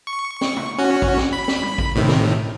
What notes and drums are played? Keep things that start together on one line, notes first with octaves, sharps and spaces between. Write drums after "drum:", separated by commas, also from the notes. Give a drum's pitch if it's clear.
C#6
drum: snare
drum: tom
C#4 F#4
drum: kick A1
drum: snare
B5
drum: snare
drum: tom G3
drum: kick A1
A2 C3 D#3
drum: snare